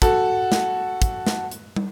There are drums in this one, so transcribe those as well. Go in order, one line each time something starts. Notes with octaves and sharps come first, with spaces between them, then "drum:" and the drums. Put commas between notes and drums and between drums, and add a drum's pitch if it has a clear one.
F#4 A4, drum: kick, hi-hat
drum: snare
drum: kick, hi-hat
drum: snare
drum: hi-hat
drum: tom